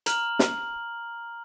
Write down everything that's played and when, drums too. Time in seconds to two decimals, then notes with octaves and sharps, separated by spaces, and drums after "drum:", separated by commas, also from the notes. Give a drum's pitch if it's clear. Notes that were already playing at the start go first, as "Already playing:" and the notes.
0.06 A#5 F6 F#7, drum: hi-hat
0.39 drum: snare